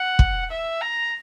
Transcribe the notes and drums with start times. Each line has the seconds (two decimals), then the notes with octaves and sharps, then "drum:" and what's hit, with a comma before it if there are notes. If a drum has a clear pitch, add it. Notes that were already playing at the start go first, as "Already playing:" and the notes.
Already playing: F#5
0.19 drum: kick
0.50 E5
0.81 A#5